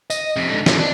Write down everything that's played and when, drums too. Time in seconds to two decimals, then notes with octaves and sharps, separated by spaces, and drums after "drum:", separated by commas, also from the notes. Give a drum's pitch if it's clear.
0.10 D#5, drum: tambourine
0.36 F2 C3
0.49 G#2 D3
0.66 A#2 G#3, drum: snare
0.79 D4